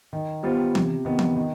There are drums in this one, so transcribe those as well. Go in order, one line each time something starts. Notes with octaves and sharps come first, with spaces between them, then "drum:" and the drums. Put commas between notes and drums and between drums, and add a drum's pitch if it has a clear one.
D#3
G3 B3 F4 C5
C3, drum: tom E3
D#3 B3
drum: tom E3
D#3